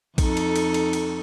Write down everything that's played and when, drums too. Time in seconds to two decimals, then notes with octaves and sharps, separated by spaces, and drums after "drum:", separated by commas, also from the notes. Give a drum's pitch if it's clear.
0.18 F2 D#4 A4, drum: kick, cymbal
0.37 drum: cymbal
0.56 drum: cymbal
0.74 drum: cymbal
0.93 drum: cymbal